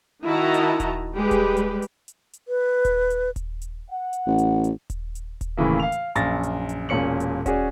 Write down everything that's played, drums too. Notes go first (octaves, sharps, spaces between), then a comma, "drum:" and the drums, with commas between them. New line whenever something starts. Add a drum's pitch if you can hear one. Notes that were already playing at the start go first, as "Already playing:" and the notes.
D#3 E4 F#4 D#5 A5 A#5
drum: hi-hat
drum: kick D#1, hi-hat
G3 G#3 G4 B4
drum: kick D#1, hi-hat
drum: hi-hat
drum: hi-hat
drum: hi-hat
drum: hi-hat
B4
drum: kick D#1, hi-hat
drum: hi-hat
drum: kick D#1, hi-hat
drum: hi-hat
F#5
drum: hi-hat
A1
drum: hi-hat
drum: hi-hat
drum: kick D#1, hi-hat
drum: hi-hat
drum: kick D#1, hi-hat
D#2 A2 C#3 E3 A#3
F5 F7
drum: hi-hat
A#1 F#2 F5 A6 A#6, drum: hi-hat
drum: hi-hat
drum: hi-hat
E1 A#2 C#4 C#7 F#7
drum: hi-hat
C#4 F#4 G#4 D5, drum: kick D#1, hi-hat